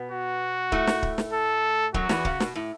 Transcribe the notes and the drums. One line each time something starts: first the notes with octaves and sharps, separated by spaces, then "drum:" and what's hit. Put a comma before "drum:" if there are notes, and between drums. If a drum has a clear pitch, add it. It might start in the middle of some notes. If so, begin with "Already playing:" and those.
Already playing: B2 B3
F#4
A2 A3, drum: kick
drum: snare
drum: kick
drum: snare
A4
F#2 F#3 F#4, drum: kick
E2 E3, drum: snare
C#3, drum: kick
B2, drum: snare
A2